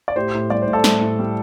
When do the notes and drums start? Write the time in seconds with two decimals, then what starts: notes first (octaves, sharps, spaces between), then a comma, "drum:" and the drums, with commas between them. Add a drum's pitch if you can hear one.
0.08 D5
0.16 A2 G4 C5
0.34 A2
0.50 G3 D5
0.62 C5
0.67 A2
0.73 A4 D5
0.84 A2, drum: snare
1.01 A2
1.19 G3